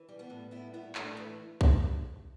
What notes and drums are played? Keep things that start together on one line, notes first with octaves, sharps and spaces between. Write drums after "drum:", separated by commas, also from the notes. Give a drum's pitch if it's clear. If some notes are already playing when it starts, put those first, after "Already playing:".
Already playing: E3
G3
G3 B3
A2
G3 B3 E4
A2 B3 E4
A2 A3 D4, drum: clap
E3 A3
drum: kick C2